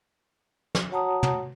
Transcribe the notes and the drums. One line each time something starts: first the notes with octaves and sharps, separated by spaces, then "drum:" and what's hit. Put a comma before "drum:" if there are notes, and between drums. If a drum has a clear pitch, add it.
drum: snare
F#4 C#5 F#5 A5 A#5 D#6
drum: tom